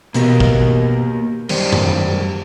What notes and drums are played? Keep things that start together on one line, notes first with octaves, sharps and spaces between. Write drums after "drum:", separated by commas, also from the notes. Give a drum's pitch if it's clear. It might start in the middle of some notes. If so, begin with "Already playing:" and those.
B2 A#3 G4 A#4, drum: hi-hat
drum: kick
F#2 D#3 G3 C5, drum: cymbal
drum: tom F#2